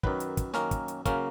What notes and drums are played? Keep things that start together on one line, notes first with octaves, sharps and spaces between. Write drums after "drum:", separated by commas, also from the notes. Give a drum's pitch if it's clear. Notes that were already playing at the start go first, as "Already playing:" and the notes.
F#2 D#3 F#3 B4, drum: kick
drum: hi-hat
drum: kick, hi-hat
F#2 D#3 A#3 C#4 A#4, drum: snare
drum: kick, hi-hat
drum: hi-hat
C#3 F#3 A#3 C#4 A#4, drum: kick, hi-hat